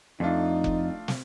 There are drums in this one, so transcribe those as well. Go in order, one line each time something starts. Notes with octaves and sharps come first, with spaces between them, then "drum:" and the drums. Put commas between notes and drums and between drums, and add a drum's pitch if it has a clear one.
F2 A3 D4 D#4 F4
drum: kick F1
drum: snare